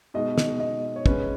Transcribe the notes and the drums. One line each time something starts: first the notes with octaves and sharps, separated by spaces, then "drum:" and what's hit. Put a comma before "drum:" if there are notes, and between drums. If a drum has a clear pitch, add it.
B2 G#3 D#4 D#5
drum: snare
D#5
C#5
C#3 G#3 C#4 B4, drum: kick